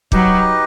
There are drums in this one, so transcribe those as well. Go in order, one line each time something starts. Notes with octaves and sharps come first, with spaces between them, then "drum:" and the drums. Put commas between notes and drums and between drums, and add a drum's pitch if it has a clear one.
F#3 D#4 G4 B4 D#5, drum: kick